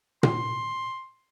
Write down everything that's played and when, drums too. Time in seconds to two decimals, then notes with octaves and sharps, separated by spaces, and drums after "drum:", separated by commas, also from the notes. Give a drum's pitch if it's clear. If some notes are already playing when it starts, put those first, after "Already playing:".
0.23 C6, drum: tom A#2